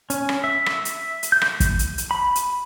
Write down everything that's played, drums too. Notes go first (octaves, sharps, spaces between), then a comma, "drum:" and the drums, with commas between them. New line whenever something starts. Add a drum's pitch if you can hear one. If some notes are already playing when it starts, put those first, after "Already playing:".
C#4, drum: hi-hat
drum: rim click
E5
drum: rim click
drum: hi-hat
drum: hi-hat
G6
drum: rim click
drum: kick, hi-hat
drum: hi-hat
drum: hi-hat
B5
drum: hi-hat